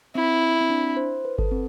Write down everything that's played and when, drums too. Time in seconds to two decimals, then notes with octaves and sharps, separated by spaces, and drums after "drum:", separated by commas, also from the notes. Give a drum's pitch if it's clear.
0.15 C4 E4
0.61 C4
0.70 D4
0.97 C5
1.25 B4
1.38 A4, drum: kick G1
1.51 C4